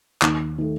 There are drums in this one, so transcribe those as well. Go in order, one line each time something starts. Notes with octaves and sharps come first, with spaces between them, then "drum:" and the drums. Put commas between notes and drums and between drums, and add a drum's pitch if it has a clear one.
D#2, drum: clap
D#3 A3